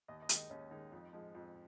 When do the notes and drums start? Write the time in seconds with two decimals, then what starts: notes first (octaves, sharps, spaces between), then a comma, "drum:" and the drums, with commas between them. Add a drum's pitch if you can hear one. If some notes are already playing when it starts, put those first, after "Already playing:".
0.08 D#2 D#5
0.22 D#5
0.29 D#3 G#3, drum: hi-hat
0.37 D#4
0.50 D#2 C#4
0.71 D#3 G#3 D#4
0.92 F2
1.13 F3 G#3
1.35 F2